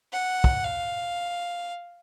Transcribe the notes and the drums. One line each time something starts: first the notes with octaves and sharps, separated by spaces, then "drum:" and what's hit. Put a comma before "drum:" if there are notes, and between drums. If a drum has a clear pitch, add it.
F#5
drum: kick
F5